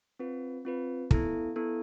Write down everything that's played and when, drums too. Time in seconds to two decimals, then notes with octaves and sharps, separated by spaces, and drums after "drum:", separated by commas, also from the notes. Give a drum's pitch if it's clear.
0.19 C4 F4 B4
0.65 C4 F4 B4
1.11 B3 E4 A4, drum: kick
1.56 B3 E4 A4